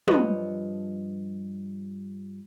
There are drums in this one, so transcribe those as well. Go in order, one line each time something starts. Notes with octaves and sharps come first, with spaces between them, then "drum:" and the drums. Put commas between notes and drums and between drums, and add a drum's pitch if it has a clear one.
G2 F3 B4 C#5 D#5 C6, drum: tom